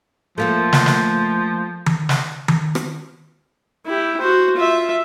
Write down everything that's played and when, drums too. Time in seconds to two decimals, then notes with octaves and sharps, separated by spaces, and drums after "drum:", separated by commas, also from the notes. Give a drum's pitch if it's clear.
0.38 F3 A3 A#3 A4
0.73 drum: snare
0.86 drum: snare
1.86 drum: tom D#3
2.09 drum: snare
2.48 drum: tom D#3
2.75 drum: rim click
3.86 E4 G4
4.21 F#4 C5
4.57 F4 E5